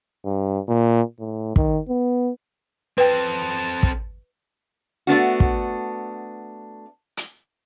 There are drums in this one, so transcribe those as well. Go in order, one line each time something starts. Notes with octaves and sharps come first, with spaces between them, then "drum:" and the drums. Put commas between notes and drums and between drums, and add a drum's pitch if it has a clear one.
G2
A#2
A2
D#3, drum: kick
B3
C4 A4 B4 G5
drum: kick
A3 B3 D4 F#4
drum: kick
drum: hi-hat